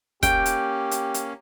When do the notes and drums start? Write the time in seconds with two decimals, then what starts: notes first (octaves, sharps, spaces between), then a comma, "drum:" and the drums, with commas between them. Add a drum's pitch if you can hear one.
0.23 A#3 C#4 G4 G5, drum: kick, hi-hat
0.46 drum: hi-hat
0.91 drum: hi-hat
1.14 drum: hi-hat